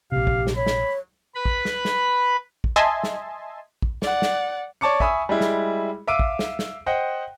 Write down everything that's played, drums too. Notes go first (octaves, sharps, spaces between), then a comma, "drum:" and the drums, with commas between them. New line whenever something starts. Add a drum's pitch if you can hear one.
A#1 C3 G4 F5
drum: kick
drum: snare
C#5 B5
drum: snare
B4 B5
drum: kick
drum: snare
drum: snare
drum: kick
D#5 E5 G#5 A5 C6
drum: snare
drum: kick
D5 F#5, drum: snare
drum: snare
C#5 D5 A5 C#6 D6 C#7
E5 G#5 B5 C#6 D#6 E6, drum: kick
G3 G#3 E4
drum: snare
E5 F5 D6 E6 D7 D#7
drum: kick
drum: snare
drum: snare
C5 D#5 F#5 G5